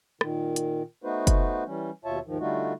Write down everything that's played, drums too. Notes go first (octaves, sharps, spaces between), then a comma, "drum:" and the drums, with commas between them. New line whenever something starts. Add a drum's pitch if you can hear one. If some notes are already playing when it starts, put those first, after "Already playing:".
A#2 D#3, drum: rim click
drum: hi-hat
A3 B3 D#4 F#4 B4 C5
drum: kick, hi-hat
E3 G3 C#4
D#2 B2 F4 C#5 E5 A5
D#2 G#2 D#3 F3
D3 G3 A3 D#4 F4 F#4